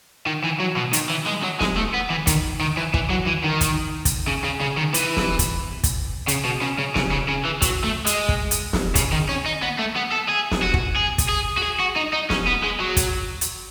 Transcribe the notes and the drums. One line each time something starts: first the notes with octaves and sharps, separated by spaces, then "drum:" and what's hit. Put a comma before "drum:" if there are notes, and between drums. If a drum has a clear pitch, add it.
D#3
E3
F#3
B2
D#3, drum: hi-hat
E3
G#3
F#3
G#3, drum: snare
A3
B3
E3
D#3, drum: kick, hi-hat
D#3
E3
E3, drum: kick
F#3
E3
D#3
drum: kick, hi-hat
drum: kick, hi-hat
C#3
C#3
C#3
D#3
E3, drum: hi-hat
drum: snare
drum: kick, hi-hat
drum: kick, hi-hat
C#3, drum: hi-hat
B2
C#3
C#3
C#3, drum: snare
C#3
C#3
E3
F#3, drum: kick, hi-hat
A3
G#3, drum: hi-hat
drum: kick
drum: hi-hat
drum: snare
C#3, drum: kick, hi-hat
D#3
C#4
D#4
B3
A3
B3
A4
G#4
drum: snare
F#4
drum: kick
G#4
drum: kick, hi-hat
G#4
F#4
G#4
F#4
D#4
D#4
C#4, drum: snare
B3
G#3
F#3
drum: kick, hi-hat
drum: hi-hat